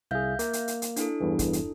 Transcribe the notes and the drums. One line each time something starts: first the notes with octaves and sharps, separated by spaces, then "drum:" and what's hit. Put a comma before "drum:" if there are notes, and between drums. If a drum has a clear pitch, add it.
C2 G#4 E5 F5 G6
A#3, drum: hi-hat
drum: hi-hat
drum: hi-hat
drum: hi-hat
D4 E4 A4, drum: hi-hat
E2 G2 E3
drum: kick, hi-hat
drum: hi-hat